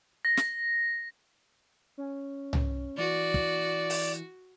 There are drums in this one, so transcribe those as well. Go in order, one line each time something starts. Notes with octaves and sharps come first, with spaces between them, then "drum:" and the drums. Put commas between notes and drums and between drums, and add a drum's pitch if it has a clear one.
A#6
drum: snare
C#4
drum: tom C2
E3 F#4 D5
drum: kick
drum: open hi-hat